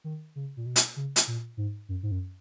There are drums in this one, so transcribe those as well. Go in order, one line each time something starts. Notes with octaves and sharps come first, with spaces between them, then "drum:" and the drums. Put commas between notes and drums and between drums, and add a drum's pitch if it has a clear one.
D#3
C#3
A#2
B2
drum: hi-hat
C#3
drum: hi-hat
A#2
G#2
F#2
G#2
F#2